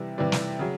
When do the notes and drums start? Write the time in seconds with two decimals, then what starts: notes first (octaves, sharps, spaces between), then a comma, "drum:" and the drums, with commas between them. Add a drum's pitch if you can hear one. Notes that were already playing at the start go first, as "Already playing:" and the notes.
Already playing: C3 E3 G3
0.18 C3 E3 G3 D5
0.32 drum: snare
0.59 C#3 F#3